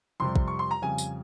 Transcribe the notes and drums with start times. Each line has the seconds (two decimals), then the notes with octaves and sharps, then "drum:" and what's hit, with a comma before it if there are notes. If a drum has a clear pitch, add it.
0.20 F2 C3 G3 C6
0.36 drum: kick
0.48 C#6
0.59 C6
0.71 A#5
0.82 F2 C#3 G3 G#5
0.98 drum: tambourine